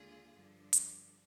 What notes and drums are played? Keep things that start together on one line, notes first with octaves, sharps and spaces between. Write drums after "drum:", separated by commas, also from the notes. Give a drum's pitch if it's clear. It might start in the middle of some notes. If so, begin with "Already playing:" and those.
Already playing: D#2 D3 G#3 F4 G#4
G2 D3 F3
drum: hi-hat